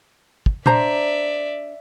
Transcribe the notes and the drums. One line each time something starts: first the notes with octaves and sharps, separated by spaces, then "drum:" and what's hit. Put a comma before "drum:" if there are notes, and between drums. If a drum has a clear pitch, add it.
drum: kick
D4 C5 D5 E5 A#5, drum: tom A#2